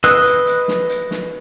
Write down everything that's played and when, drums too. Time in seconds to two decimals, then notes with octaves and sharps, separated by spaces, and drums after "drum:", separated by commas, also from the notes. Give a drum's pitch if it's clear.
0.04 B4 D#5 D#6 E6 F#6, drum: hi-hat
0.25 drum: hi-hat
0.47 drum: hi-hat
0.68 drum: snare
0.90 drum: hi-hat
1.11 drum: snare